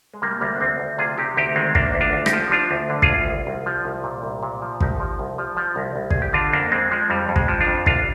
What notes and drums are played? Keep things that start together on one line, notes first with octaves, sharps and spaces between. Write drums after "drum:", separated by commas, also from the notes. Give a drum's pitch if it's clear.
G#3
C3 G3 A#3
D2 G3 A#3
D4
D2 G#3 C4
D2
C3 F4 G#4
C3 D#4 G4
D2 D#4 G4
D#3 G#3 C4
D2 A#3 D4, drum: kick
D2
D4 F4
D2
D#4 G4, drum: rim click
F3
F3 D4 F4
D2
D3
F4 G#4, drum: kick
D2
C2
C2
F3
C2
A#2
C2
A#2
F3
C2 D#4 G4, drum: kick
F3
C2
F3
F3
C2
C2
C2 G#4, drum: kick
G4
D3 D4 F4
F2 A#3 D4
F2 G#3 C4
F3 G#3
F2 G3
F2
G#3, drum: kick
F3
D4 F4
F2
C2 D4 F4, drum: kick